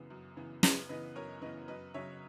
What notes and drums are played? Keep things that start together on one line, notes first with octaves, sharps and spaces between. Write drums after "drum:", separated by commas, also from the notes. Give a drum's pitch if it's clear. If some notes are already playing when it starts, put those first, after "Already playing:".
Already playing: F#2 C#3 E3 B3
F#2
C#3 E3 B3
F#2 B4 D#5, drum: snare
C#3 E3 B3 B4 D#5
F#2 A#4 C#5
C#3 E3 B3 B4 D#5
F#2 B4 D#5
C#3 F#3 C#5 E5